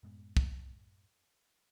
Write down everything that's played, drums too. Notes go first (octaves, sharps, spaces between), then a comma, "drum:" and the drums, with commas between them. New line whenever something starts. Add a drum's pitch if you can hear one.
F#2 A2 G#3 B3
drum: kick